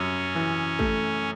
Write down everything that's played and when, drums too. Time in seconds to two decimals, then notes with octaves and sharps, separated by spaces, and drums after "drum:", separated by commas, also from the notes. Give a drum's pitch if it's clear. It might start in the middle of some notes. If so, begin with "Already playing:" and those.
Already playing: F#2 C#4
0.35 E3
0.79 A3, drum: kick